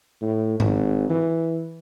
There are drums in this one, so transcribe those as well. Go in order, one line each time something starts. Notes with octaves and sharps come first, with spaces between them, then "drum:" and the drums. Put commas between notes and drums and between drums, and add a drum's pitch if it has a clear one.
A2
G#1, drum: tom G#2
E3